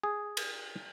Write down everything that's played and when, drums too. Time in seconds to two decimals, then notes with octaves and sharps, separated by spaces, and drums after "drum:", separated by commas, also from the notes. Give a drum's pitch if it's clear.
0.03 G#4
0.37 drum: cymbal